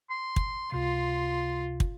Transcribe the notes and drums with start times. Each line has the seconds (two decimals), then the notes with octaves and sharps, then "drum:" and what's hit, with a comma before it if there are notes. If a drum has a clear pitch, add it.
0.10 C6
0.36 drum: kick
0.72 C#2 C3 F4 C6
1.80 drum: kick